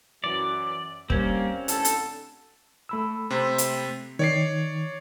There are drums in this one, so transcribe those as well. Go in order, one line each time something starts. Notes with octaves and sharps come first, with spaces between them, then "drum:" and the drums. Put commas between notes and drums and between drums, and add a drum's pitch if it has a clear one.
F#2 E3 D5
G3 A#3 C4 C#4, drum: kick
A1 D3 A4, drum: hi-hat
drum: hi-hat
A3 B5 E6
C3 C4
drum: hi-hat
D#3 C#5 D5 C7